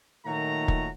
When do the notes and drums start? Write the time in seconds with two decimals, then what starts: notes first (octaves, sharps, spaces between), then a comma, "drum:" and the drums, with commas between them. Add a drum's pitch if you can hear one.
0.25 A#2 D#3 F#3 A3 A#5
0.68 drum: kick